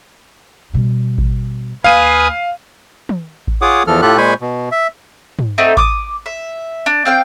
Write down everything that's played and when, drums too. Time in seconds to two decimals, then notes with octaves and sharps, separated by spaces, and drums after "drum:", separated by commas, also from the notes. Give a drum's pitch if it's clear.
0.74 B2 G3
1.18 drum: kick A1
1.84 D#2 B4 F5 G#5 D#6 D#7
3.09 drum: tom
3.47 drum: kick A1
3.62 F4 G#4 C#5 F#5 D6 D#6
3.87 E2 E3 F3 A4 F6
4.02 A2 F4 G4 A4 F#6
4.17 A#2 G#3 C5 G#5 B5 C#6
4.41 B2
4.71 E5
5.39 drum: tom
5.58 A3 C4 D#4 F#4
5.77 D6 D#6, drum: kick A1
6.26 E5
6.86 D4
7.05 C4 F5 G5